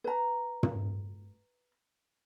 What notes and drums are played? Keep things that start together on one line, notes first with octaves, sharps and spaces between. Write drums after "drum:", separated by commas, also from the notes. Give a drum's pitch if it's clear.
B4 A#5
drum: tom